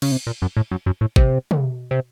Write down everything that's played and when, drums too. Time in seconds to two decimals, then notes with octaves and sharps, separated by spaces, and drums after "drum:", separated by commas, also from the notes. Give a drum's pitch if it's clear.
0.02 C#3, drum: cymbal
0.12 C3
0.27 A#2
0.42 F#2
0.57 A2
0.71 F#2
0.86 F#2
1.01 A2
1.16 C3, drum: kick G#1
1.51 drum: tom
1.91 C3